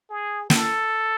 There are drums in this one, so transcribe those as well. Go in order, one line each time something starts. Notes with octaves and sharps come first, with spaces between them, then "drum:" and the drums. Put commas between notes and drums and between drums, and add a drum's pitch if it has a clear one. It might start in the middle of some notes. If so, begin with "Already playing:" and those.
G#4
A4, drum: snare